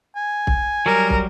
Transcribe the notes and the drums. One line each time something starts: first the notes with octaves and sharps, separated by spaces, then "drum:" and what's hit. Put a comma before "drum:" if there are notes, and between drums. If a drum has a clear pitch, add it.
G#5
drum: kick
F#3 G3 A#4
drum: kick